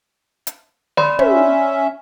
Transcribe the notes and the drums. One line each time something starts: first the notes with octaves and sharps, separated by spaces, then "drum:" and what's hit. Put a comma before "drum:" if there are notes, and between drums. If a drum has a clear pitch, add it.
drum: hi-hat
D5 B5 C6, drum: snare
C#4 E5, drum: tom